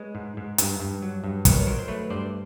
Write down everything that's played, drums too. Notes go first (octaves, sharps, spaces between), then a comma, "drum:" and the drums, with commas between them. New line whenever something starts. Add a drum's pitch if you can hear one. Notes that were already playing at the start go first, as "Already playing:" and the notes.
Already playing: G#3 B4 C#5
G#2
G#2
G2, drum: hi-hat
G2
F#3
G2
D#3 B4 C#5, drum: kick, hi-hat
C#5
F#3 A#4 C5
C5
A3 B4 C#5
G2 C5 D5